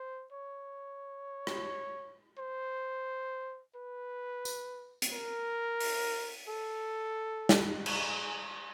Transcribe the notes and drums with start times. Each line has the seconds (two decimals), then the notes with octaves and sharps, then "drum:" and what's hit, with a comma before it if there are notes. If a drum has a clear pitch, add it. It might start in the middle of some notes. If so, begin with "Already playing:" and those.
Already playing: C5
0.32 C#5
1.47 drum: rim click
2.38 C5
3.75 B4
4.45 drum: tambourine
5.02 drum: hi-hat
5.13 A#4
5.80 drum: open hi-hat
6.49 A4
7.49 drum: snare
7.86 G#4, drum: cymbal